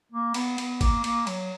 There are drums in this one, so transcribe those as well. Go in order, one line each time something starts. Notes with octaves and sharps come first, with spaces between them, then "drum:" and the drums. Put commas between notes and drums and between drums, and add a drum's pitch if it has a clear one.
A#3
B3, drum: cymbal
B3, drum: cymbal
A#3, drum: kick G#1, cymbal
A#3, drum: cymbal
F#3, drum: cymbal